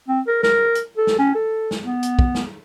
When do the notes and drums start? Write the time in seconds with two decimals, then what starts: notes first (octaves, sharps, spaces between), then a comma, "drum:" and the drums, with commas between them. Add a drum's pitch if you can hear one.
0.09 C4
0.27 A#4
0.43 A#4, drum: snare
0.75 drum: hi-hat
0.97 A4
1.07 drum: snare
1.19 C#4
1.35 A4
1.71 drum: snare
1.83 B3
2.03 drum: hi-hat
2.19 drum: kick
2.35 drum: snare